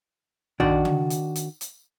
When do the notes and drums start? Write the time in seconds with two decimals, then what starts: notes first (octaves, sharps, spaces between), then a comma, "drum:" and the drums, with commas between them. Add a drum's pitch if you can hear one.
0.60 D#3 D4 F#4 D5, drum: tom A#1
0.85 drum: tom C#3
1.10 drum: hi-hat
1.36 drum: hi-hat
1.61 drum: hi-hat